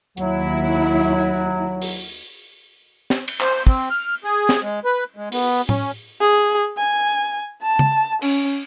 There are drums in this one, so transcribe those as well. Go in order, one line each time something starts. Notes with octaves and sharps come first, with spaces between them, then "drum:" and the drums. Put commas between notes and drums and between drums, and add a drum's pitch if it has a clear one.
D#2 F#3 E4, drum: hi-hat
drum: open hi-hat
drum: snare
drum: cymbal
C5, drum: clap
C4, drum: kick
F6
G#4
drum: snare
G#3
B4
G#3
B3, drum: open hi-hat
C#4, drum: tom A2
G#4
G#5
A5
drum: tom C#3
C#4, drum: cymbal